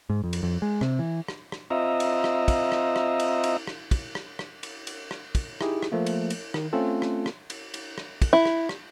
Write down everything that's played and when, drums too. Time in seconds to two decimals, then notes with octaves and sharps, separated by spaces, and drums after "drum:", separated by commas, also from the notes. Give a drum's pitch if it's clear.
0.10 G#2
0.24 F2
0.33 drum: cymbal
0.43 F2
0.62 G#3
0.81 C3, drum: rim click
0.99 E3
1.28 drum: rim click
1.52 drum: rim click
1.70 C4 F4 D#5 E5 A#5
2.00 drum: cymbal
2.24 drum: rim click
2.48 drum: kick, cymbal
2.72 drum: rim click
2.96 drum: rim click
3.20 drum: cymbal
3.44 drum: cymbal
3.67 drum: rim click
3.91 drum: kick, cymbal
4.15 drum: rim click
4.39 drum: rim click
4.63 drum: cymbal
4.87 drum: cymbal
5.11 drum: rim click
5.35 drum: kick, cymbal
5.61 D#4 E4 G4 G#4, drum: rim click
5.83 drum: rim click
5.92 F3 A3 A#3
6.06 drum: cymbal
6.30 drum: cymbal
6.54 D#3, drum: rim click
6.73 A3 C4 C#4 F4 A4
7.02 drum: rim click
7.26 drum: rim click
7.50 drum: cymbal
7.74 drum: cymbal
7.98 drum: rim click
8.22 drum: kick, cymbal
8.33 E4
8.45 drum: rim click
8.69 drum: rim click